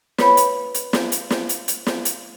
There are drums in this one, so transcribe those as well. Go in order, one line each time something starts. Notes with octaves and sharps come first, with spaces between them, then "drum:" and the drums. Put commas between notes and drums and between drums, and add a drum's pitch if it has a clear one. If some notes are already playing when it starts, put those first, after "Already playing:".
B4 C#5 B5, drum: snare
drum: hi-hat
drum: hi-hat
drum: snare
drum: hi-hat
drum: snare
drum: hi-hat
drum: hi-hat
drum: snare
drum: hi-hat